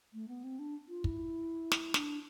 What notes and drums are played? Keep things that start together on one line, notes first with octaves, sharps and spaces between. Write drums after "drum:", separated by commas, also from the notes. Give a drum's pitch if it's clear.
A3
B3
C4
D4
F4
E4, drum: kick
drum: snare
D4, drum: snare